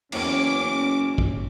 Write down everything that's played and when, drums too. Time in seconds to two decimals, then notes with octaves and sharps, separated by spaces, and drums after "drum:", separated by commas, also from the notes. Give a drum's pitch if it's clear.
0.12 F#1 E2 C#4 D6, drum: cymbal
1.18 drum: kick